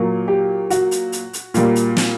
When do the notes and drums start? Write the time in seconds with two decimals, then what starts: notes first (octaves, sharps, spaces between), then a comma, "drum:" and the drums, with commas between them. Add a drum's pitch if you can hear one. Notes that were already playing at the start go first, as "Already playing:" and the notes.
Already playing: A#2 F#3 A#3
0.28 G4
0.70 F#4, drum: hi-hat
0.91 drum: hi-hat
1.12 drum: hi-hat
1.33 drum: hi-hat
1.54 A#2 G3 A#3, drum: hi-hat
1.76 drum: hi-hat
1.97 drum: snare